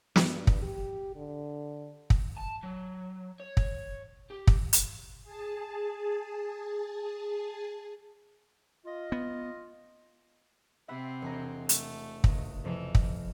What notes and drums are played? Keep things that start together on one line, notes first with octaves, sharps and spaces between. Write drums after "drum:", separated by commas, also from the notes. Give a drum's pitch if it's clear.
G2, drum: snare
drum: kick
G4
D3
drum: kick
A5
F#3
C#5
drum: kick
G4
drum: kick
drum: hi-hat
G#4 A5
F4 D#5
B3
C3 C4 E5 F#5 B5
E1 G#5 A#5
A3, drum: hi-hat
C#2, drum: kick
F2 C3 E3 F3
drum: kick